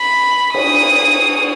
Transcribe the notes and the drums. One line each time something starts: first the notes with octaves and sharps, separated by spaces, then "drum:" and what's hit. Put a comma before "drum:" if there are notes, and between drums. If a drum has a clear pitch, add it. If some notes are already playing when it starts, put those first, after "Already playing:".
Already playing: B5
D#6, drum: cymbal